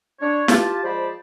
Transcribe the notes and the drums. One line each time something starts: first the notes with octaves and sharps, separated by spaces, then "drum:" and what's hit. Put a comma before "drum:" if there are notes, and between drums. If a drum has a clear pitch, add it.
D4 C#5
F4 G4 A5, drum: snare
F3 G#3 C5 D5 A5 B5